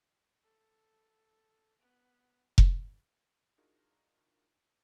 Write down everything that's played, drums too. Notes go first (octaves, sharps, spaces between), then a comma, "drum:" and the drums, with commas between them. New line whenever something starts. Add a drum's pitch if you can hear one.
A4
B3
drum: kick F1
D4 D#4 F4 F#4 G#4 A#4